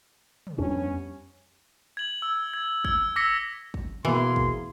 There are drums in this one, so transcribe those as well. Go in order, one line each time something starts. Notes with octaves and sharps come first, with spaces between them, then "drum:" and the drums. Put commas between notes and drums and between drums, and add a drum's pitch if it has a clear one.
drum: tom
F2 G3 B3 C#4 D4
G#6 F#7
E6
G#6
E6 G#6, drum: kick
D6 E6 A#6 B6 C#7
drum: kick
B2 E3 A#3 G#4 C6
drum: kick